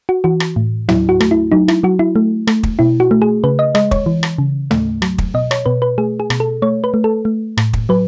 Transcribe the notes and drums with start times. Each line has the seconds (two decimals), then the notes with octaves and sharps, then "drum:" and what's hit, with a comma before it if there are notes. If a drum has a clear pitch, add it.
0.09 F#4
0.24 E3 F#4
0.40 drum: rim click
0.56 A2
0.89 F#3 E4, drum: tom
1.09 F#4
1.20 A3, drum: rim click
1.31 E4
1.52 F#3 D#4
1.68 E4, drum: rim click
1.83 F#3 F#4
1.99 E4
2.16 A3
2.47 A3, drum: rim click
2.63 drum: kick
2.79 B2 E4
3.00 F#4
3.11 A3
3.22 G#4
3.44 C#3 B4
3.59 D#5
3.75 G#3 D#5, drum: rim click
3.91 C#5, drum: kick
4.06 E3
4.23 drum: rim click
4.38 C#3
4.71 A3, drum: tom
5.02 F#3, drum: rim click
5.18 drum: kick
5.34 B2 D#5
5.51 C#5, drum: rim click
5.66 B2 B4
5.82 B4
5.98 A3 G#4
6.20 G#4
6.30 B2, drum: rim click
6.40 A4
6.62 A3 C#5
6.84 B4
6.94 A3
7.04 A4
7.25 A3
7.57 A2, drum: rim click
7.73 drum: kick
7.89 F#3 B4